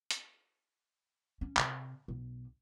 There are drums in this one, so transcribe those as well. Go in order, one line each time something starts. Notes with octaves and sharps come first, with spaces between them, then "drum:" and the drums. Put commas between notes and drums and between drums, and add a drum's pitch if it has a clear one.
drum: hi-hat
C#4
C3, drum: clap
B1